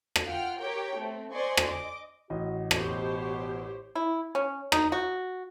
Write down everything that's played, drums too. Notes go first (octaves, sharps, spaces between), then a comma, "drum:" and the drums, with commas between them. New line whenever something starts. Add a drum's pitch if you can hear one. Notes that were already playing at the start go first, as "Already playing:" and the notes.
drum: rim click
F4 F#5 G5 F6
G4 A#4 C#5 G5
A3 C4
C5 D5 D#5 G#5 C6 C#6
drum: rim click
D#5 D6
A1 F#4 D#5
B2 G4 C5 C#5, drum: rim click
E4
C#4
D#4, drum: rim click
F#4